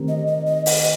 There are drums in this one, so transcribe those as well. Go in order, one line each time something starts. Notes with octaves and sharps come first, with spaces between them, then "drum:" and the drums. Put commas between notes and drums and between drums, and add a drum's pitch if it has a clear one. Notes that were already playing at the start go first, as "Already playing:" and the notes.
Already playing: D#3 A3 C4 G4 A#4
D#5
D#5
D#5
D#5, drum: open hi-hat